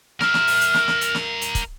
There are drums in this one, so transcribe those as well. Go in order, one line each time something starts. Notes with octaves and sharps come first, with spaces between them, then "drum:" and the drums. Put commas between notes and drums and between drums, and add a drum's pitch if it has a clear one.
A#4 E5 F6, drum: snare
drum: snare
drum: open hi-hat
drum: hi-hat
drum: snare
drum: snare
drum: hi-hat
drum: snare
drum: hi-hat
drum: kick, hi-hat